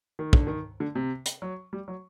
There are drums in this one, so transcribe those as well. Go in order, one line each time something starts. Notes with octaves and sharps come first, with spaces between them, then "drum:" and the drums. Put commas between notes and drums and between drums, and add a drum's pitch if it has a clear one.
D#3
D3, drum: kick
D#3
D3
C3
drum: hi-hat
F#3
G3
F#3